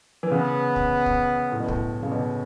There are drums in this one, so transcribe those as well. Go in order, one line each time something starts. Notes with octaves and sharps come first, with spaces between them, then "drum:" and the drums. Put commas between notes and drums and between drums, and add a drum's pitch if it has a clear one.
E3
C#3 B3
drum: kick
drum: kick
A2
B2
A2, drum: kick
C#3
B2